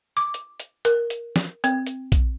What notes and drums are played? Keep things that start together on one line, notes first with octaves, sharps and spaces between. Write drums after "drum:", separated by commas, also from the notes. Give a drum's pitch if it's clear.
D6
drum: hi-hat
drum: hi-hat
A#4, drum: hi-hat
drum: hi-hat
drum: snare
C4, drum: hi-hat
drum: hi-hat
drum: kick, hi-hat